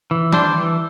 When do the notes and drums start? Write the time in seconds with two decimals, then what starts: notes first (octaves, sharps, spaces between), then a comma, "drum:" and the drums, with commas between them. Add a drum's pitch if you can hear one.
0.11 E3
0.32 G3 D4 C5, drum: tom D#3
0.54 E3